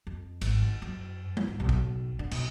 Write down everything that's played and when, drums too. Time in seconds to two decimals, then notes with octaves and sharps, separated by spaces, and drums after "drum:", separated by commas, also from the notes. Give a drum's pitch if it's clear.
0.07 F2
0.41 G#1, drum: cymbal
0.62 D#3
0.82 F#2
1.37 drum: tom G3
1.48 G#1
1.60 B1
1.69 drum: kick
2.19 D3
2.31 B1, drum: cymbal